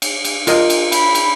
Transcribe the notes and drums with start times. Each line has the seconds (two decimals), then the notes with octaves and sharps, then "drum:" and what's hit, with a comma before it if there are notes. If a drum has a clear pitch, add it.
0.02 drum: cymbal
0.25 drum: cymbal
0.47 F4 A#4 D#5, drum: cymbal
0.70 drum: cymbal
0.92 B5, drum: cymbal
1.15 drum: cymbal